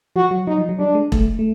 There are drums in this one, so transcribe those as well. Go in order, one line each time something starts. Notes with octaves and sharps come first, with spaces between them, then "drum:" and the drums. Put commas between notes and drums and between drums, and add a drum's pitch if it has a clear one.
F3 F#4
F#3
F#3 D#4
F3
F#3
G3 D4
G#3
A3, drum: kick E1
A3